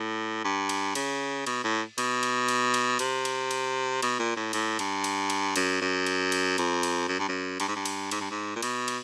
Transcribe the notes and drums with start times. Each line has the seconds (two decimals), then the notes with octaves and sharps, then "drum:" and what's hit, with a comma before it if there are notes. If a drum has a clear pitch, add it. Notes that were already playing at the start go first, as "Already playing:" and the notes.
Already playing: A2
0.44 G2
0.69 drum: cymbal
0.95 C#3, drum: cymbal
1.47 B2, drum: cymbal
1.64 A2
1.98 B2, drum: cymbal
2.23 drum: cymbal
2.48 drum: cymbal
2.74 drum: cymbal
2.99 C3, drum: cymbal
3.25 drum: cymbal
3.51 drum: cymbal
4.02 B2, drum: cymbal
4.19 A#2
4.36 A2
4.53 A2, drum: cymbal
4.79 G2, drum: cymbal
5.04 drum: cymbal
5.30 drum: cymbal
5.56 F#2, drum: cymbal
5.81 F#2
6.06 drum: cymbal
6.32 drum: cymbal
6.58 F2, drum: cymbal
6.83 drum: cymbal
7.08 F#2
7.19 G2
7.28 F#2
7.60 G2, drum: cymbal
7.68 G#2
7.76 G2
7.86 drum: cymbal
8.11 G#2, drum: cymbal
8.21 G2
8.31 G#2
8.56 A#2
8.62 B2, drum: cymbal
8.88 drum: cymbal